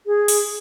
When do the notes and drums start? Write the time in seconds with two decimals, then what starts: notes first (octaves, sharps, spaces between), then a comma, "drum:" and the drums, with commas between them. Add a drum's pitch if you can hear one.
0.06 G#4
0.28 drum: open hi-hat